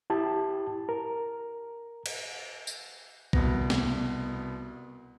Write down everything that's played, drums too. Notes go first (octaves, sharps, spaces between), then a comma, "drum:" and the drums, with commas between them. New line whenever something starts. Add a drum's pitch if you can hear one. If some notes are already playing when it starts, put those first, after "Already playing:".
E4 G4 A5
A#4
drum: cymbal
drum: tambourine
C2 B2 B3 A#6, drum: kick
drum: snare